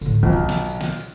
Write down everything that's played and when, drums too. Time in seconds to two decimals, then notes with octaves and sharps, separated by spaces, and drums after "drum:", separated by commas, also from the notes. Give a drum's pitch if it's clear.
0.01 A2 D3, drum: tambourine
0.23 B1 E4 F4
0.33 drum: tom A#2
0.49 drum: snare
0.65 drum: tambourine
0.81 drum: snare
0.96 drum: tambourine